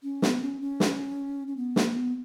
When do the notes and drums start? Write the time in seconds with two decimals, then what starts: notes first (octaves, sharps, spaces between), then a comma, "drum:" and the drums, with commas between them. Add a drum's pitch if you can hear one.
0.03 C#4
0.22 B3, drum: snare
0.41 C#4
0.61 C#4
0.80 drum: snare
1.48 C#4
1.57 B3
1.76 A#3, drum: snare
1.95 B3